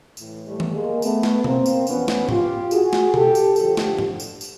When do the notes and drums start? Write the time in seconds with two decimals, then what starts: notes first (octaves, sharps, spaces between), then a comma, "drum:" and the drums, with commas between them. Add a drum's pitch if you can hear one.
0.17 A2 E3, drum: tambourine
0.46 G3 A3
0.60 drum: tom D#3
0.74 G#3 A#3
1.02 A3 B3, drum: tambourine
1.23 drum: snare
1.44 A#3 C4, drum: tom B2
1.66 drum: tambourine
1.87 F2 C3 E3 B3 C#4, drum: tambourine
2.08 drum: snare
2.29 F4 G4, drum: tom G#2
2.71 F#4 G#4, drum: tambourine
2.93 drum: snare
3.14 G4 A4, drum: tom B2
3.35 drum: tambourine
3.56 G2 D3 F3 G4 A4, drum: tambourine
3.77 drum: snare
3.99 drum: tom G#2
4.20 drum: tambourine
4.41 drum: tambourine